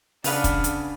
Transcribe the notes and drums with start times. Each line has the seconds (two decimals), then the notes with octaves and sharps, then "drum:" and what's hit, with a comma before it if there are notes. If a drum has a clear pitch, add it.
0.24 C#3 B3 D4 B4 F5, drum: open hi-hat
0.44 drum: kick, hi-hat
0.64 drum: hi-hat